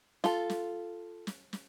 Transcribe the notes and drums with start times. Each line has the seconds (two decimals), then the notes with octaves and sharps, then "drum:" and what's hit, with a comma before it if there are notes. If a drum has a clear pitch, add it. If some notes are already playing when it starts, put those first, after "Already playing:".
0.24 F4 A4, drum: snare
0.50 drum: snare
1.27 drum: snare
1.53 drum: snare